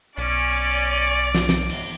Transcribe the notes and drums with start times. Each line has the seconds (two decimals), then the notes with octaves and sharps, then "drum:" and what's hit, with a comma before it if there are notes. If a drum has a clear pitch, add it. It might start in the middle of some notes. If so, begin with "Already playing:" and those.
0.18 B1 C#4 D5 D6
1.35 drum: snare
1.49 drum: snare
1.70 drum: cymbal